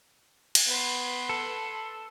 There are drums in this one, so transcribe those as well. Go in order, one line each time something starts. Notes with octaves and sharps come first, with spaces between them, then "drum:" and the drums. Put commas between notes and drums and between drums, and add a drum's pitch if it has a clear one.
drum: cymbal
B3 B4 C6
A4